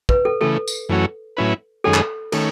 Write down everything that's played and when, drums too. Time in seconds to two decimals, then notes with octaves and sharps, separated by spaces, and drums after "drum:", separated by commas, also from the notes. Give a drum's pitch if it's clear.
0.09 B4, drum: kick
0.25 A4
0.41 C#3 E3 A3 A4
0.68 drum: tambourine
0.89 F#2 E3 A3 C#4 F#4
1.37 A2 F#3 C#4 E4 B4
1.84 F#2 D#3 G#3 C#4 G#4 A4
1.94 drum: clap
2.32 D#3 A3 C#4 A4, drum: cymbal